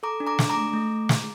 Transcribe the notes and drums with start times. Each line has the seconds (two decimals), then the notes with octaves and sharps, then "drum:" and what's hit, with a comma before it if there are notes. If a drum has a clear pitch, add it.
0.03 A4 A#5 D6
0.20 D4
0.27 A#5 D6
0.39 D4, drum: snare
0.50 A#5 D6
0.57 A3
0.73 A3
1.09 drum: snare